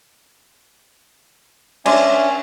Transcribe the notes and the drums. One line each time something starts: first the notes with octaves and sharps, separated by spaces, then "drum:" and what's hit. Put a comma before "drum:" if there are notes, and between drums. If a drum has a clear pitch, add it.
C#4 D4 C5 D5 E5 G#5, drum: cymbal